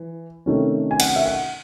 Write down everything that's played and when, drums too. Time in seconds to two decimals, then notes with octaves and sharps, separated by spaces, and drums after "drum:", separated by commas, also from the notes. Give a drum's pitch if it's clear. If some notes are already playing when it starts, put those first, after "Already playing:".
Already playing: E3
0.46 C3 D#3 A3 C#4
0.91 G#5
1.00 F#5, drum: cymbal
1.16 E5
1.26 F#5